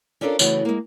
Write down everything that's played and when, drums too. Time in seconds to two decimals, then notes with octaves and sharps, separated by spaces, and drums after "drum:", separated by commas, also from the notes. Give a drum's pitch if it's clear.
0.21 C#4 D4 F4 A4 A#4 D5
0.39 C#3 E3 A3 B3 F#4, drum: tambourine
0.65 G#3 A#3